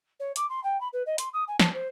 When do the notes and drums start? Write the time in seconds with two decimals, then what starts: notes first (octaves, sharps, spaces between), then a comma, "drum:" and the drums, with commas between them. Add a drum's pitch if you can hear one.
0.19 C#5
0.36 D6, drum: hi-hat
0.49 C6
0.63 G5
0.80 B5
0.93 B4
1.06 D#5
1.18 C6, drum: hi-hat
1.33 D#6
1.47 G#5
1.60 A5, drum: snare
1.73 C5